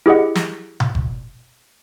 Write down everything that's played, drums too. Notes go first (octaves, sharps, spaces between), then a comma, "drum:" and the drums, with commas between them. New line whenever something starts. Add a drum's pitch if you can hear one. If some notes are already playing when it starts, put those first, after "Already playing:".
E4 G4 G#4 D#5 F#5
drum: snare
drum: tom B2
drum: kick F#1